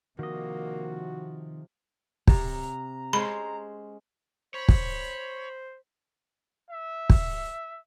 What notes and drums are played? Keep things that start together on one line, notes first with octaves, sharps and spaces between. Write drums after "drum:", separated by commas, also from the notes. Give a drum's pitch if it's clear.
C3 D#3 F3 A#3 F#4 D#5
C3 A#5, drum: kick
G#3 C#4 C5 B5
C5 C#5 B5
drum: kick
E5
drum: kick